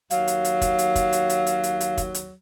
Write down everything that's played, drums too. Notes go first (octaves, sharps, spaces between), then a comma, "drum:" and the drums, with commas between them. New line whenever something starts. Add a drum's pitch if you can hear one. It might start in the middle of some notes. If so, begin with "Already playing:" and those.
D#2 F#3 F5, drum: hi-hat
drum: hi-hat
drum: hi-hat
drum: kick, hi-hat
drum: hi-hat
drum: kick, hi-hat
drum: hi-hat
drum: hi-hat
drum: hi-hat
drum: hi-hat
drum: hi-hat
drum: kick, hi-hat
drum: hi-hat